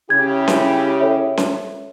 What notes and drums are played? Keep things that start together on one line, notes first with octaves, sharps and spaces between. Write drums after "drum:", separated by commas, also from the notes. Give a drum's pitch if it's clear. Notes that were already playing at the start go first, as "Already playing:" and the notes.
C#3 E4 G4 G#6
drum: snare C#4
A4 C#5 E5
drum: snare C#4